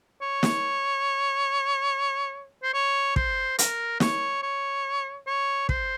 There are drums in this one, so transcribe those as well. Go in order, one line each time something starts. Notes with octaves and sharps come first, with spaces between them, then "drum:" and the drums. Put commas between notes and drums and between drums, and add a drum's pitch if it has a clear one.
C#5
drum: snare
C5
C#5
C5, drum: kick
A#4, drum: hi-hat
C#5, drum: snare
C#5
C#5
C5, drum: kick